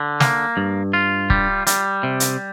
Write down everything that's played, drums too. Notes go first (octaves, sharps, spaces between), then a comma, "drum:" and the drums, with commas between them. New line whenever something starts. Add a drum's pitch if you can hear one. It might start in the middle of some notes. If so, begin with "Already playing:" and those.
Already playing: D3
A#3, drum: snare
G2
F4
G3, drum: kick
G3, drum: hi-hat
C3
drum: hi-hat